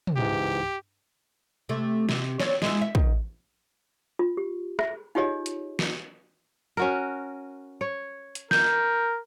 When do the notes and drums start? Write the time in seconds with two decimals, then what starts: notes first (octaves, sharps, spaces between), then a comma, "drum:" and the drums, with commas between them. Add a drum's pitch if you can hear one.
0.07 drum: tom
0.17 C#2 G#2 E3 G4
1.69 C3 A3
2.09 C3, drum: snare
2.40 C4 C#5 D5, drum: snare
2.62 G#3 E4, drum: snare
2.82 E5
2.95 D#3, drum: kick
4.19 F4
4.37 G4
4.79 E5, drum: rim click
5.15 D#4 F4 G4 G#4 C#5 D#5
5.46 drum: hi-hat
5.79 drum: snare
6.77 C#4 F#4 A#4
7.81 C#5
8.35 drum: hi-hat
8.51 A#4 G6, drum: snare